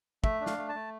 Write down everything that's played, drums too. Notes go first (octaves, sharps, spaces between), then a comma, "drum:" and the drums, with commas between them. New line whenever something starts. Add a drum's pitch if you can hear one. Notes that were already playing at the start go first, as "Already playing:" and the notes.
A3 E5, drum: kick
D4
F5, drum: snare
A3
A5
A3